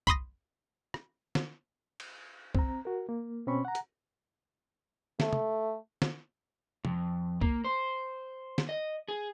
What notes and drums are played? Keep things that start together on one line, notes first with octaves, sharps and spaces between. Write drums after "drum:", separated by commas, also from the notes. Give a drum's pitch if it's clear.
B5 C6 D#6 A#6, drum: kick
drum: rim click
drum: snare
drum: cymbal
C4 A#5, drum: kick
F#4 A#4
A#3
B2 C4 C#4 B5 C#6
F#5 A#5
drum: hi-hat
A3, drum: snare
drum: tom
drum: snare
F2, drum: tom
A#3, drum: kick
C5
drum: snare
D#5
G#4